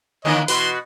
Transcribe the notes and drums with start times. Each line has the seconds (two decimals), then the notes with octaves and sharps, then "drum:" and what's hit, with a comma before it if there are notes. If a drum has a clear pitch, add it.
0.25 D3 E3 A#3 C#5 D#5
0.48 B2 E3 F#4 B4 C6, drum: open hi-hat